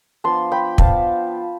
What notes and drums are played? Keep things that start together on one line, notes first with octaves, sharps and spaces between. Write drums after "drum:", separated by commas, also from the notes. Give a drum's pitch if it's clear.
F3 B3 D4 A5 C6
G5 B5
F3 B3 D4 F5 A5, drum: kick